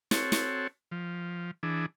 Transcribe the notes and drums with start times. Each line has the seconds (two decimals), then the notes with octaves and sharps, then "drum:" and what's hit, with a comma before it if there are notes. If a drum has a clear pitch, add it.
0.11 C4 F#4 A4 C#5, drum: snare
0.32 drum: snare
0.92 F3
1.63 E3 D4 G#4